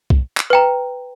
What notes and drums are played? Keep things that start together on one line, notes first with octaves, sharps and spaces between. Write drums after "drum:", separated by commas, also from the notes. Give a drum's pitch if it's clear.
drum: kick
drum: clap
B4 G5 A#5